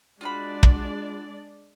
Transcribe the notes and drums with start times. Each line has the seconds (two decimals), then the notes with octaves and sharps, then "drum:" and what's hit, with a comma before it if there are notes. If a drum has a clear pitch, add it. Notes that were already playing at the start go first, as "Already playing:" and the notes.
0.21 G#3 D4 F4 F#4 D5 B5
0.63 drum: kick